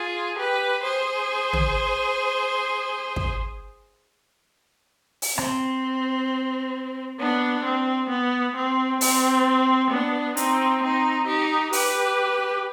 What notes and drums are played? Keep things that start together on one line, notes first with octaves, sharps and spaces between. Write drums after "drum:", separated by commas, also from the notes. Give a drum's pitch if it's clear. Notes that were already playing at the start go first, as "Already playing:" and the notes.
Already playing: F4 G#4
G4 B4
G#4 C5
drum: tom
drum: kick
drum: open hi-hat
C4, drum: rim click
B3 D4
C4
B3
C4
C4, drum: open hi-hat
B3 D4
C4 D#4, drum: hi-hat
C4 D#4
D#4 G4
G4 B4, drum: open hi-hat